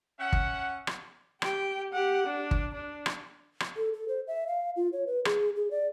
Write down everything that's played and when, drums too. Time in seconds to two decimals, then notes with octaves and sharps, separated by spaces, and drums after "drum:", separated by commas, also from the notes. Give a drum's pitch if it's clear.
0.19 C#4 E5 F#5
0.33 drum: kick
0.87 drum: rim click
1.42 G4 G5, drum: rim click
1.93 G4 F#5
2.27 D4
2.51 drum: kick
2.75 D4
3.06 drum: rim click
3.60 drum: rim click
3.77 A4
3.93 A4
4.08 C5
4.27 E5
4.47 F5
4.76 F4
4.93 C#5
5.07 B4
5.25 G#4, drum: rim click
5.56 G#4
5.71 D5